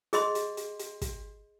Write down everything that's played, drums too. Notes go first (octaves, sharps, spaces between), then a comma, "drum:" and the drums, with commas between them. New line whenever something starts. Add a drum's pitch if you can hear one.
G#4 D#5 C6, drum: hi-hat
drum: hi-hat
drum: hi-hat
drum: hi-hat
drum: kick, hi-hat